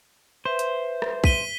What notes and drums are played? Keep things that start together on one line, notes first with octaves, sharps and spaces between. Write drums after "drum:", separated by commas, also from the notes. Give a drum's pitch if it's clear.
B4 C5 E5
drum: hi-hat
drum: rim click
B6 D#7 G7, drum: kick B1